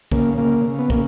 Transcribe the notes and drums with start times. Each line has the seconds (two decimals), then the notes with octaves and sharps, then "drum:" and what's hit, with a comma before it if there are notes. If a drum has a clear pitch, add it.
0.12 C#3 A#3, drum: kick
0.38 C#3 A#3
0.65 C#3
0.79 B3
0.90 C#3 A#3, drum: kick